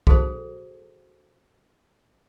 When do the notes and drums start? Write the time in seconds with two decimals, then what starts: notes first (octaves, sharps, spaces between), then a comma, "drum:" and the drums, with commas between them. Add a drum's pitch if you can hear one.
0.07 F#4 G#4 A4 C5, drum: kick B1